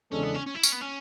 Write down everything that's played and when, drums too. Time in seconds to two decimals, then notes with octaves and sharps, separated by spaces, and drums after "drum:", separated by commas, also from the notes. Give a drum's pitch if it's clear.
0.11 E2 C#3 G#3 C#4 D4 A4
0.23 B3
0.34 C#4
0.46 C#4
0.55 E4
0.63 C#4, drum: tambourine
0.72 B3
0.81 C#4